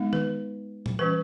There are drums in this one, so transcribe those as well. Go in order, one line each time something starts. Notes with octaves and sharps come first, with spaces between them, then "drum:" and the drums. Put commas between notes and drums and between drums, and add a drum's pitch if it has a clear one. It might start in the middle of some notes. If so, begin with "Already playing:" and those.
Already playing: G#3 B3 D#4
B4, drum: tom
drum: tom A#2
E3 G3 C#4 B4